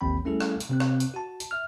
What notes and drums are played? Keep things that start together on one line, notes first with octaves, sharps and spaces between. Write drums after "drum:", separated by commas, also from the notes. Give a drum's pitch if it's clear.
A1 D#2 F3 C4 G5 B5
G3 A3 C#4 E4 G#4 A4
drum: rim click
drum: hi-hat
C3 C4 F#6
drum: rim click
drum: hi-hat
F#4 A5
drum: hi-hat
E5 F6